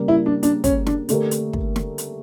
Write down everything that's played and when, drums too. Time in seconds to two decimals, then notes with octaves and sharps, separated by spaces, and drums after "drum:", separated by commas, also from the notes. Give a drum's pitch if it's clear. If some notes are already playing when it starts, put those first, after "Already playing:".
Already playing: C#3 G3 A#3
0.08 E4
0.26 D4
0.43 D4, drum: hi-hat
0.64 C#4, drum: kick, hi-hat
0.86 D4, drum: snare
1.09 D3 A3 D4 G4 A#4, drum: hi-hat
1.31 drum: hi-hat
1.53 drum: kick
1.76 drum: snare
1.98 drum: hi-hat